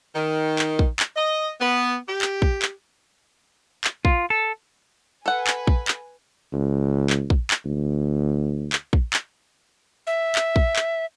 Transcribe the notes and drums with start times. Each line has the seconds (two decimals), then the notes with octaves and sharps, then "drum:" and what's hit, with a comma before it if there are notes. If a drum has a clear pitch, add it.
0.15 D#3
0.59 drum: clap
0.79 drum: kick
0.99 drum: clap
1.15 D#5
1.60 B3
2.09 G4
2.22 drum: clap
2.42 drum: kick
2.62 drum: clap
3.84 drum: clap
4.05 F4, drum: kick
4.30 A4
5.26 A4 B4 F#5 G#5
5.47 drum: clap
5.67 drum: kick
5.88 drum: clap
6.53 C#2
7.10 drum: clap
7.30 drum: kick
7.51 drum: clap
7.66 D2
8.73 drum: clap
8.93 drum: kick
9.13 drum: clap
10.07 E5
10.35 drum: clap
10.56 drum: kick
10.76 drum: clap